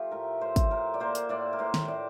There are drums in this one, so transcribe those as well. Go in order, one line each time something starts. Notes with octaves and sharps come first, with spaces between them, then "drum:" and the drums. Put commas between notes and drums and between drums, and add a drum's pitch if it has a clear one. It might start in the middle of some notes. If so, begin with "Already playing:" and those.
Already playing: F3 A3 F4 G4
A2 A#4
A2 C5
drum: kick, hi-hat
A2 A#4
D5
A#3 C5
drum: hi-hat
A2 D5
A#4
A2 C5
drum: snare
A2 D5